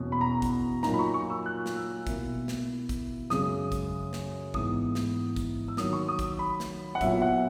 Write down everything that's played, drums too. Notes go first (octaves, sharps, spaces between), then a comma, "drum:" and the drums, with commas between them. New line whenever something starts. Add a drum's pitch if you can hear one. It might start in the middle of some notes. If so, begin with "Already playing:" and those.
Already playing: E2 B2 A#3 C#4
B5
A#5
drum: kick, hi-hat
A#2 F#3 A#3 D#4 A#5, drum: snare
B5
C#6
C#6
E6
F#6
drum: snare
E6
B2 A#3 E4, drum: kick, hi-hat
drum: snare
drum: kick, hi-hat
F#2 C#3 G#3 D#6, drum: snare
drum: kick, hi-hat
drum: snare
G#2 E3 B3 E4 D#6, drum: kick
drum: snare
drum: kick, hi-hat
E6
D#3 F#3 A#3 D#6, drum: snare
C#6
D#6
drum: kick, hi-hat
B5
drum: snare
F#5
A#2 F#3 B3 E4 E5, drum: kick, hi-hat
F#5